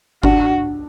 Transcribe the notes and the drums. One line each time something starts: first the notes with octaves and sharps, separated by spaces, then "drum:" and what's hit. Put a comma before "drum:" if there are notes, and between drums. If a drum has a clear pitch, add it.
D4 F#4, drum: kick G1